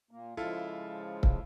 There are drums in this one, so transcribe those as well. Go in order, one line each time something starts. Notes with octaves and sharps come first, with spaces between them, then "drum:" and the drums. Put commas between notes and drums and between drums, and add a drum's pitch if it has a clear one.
A#2 A#3
C#3 F3 G#3 E4 F4 A4
drum: kick